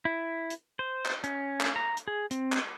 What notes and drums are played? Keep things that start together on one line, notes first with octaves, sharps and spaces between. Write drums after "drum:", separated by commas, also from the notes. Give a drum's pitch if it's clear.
E4
drum: hi-hat
C5
drum: clap
C#4, drum: hi-hat
drum: clap
A#5
drum: hi-hat
G#4
C4, drum: hi-hat
drum: clap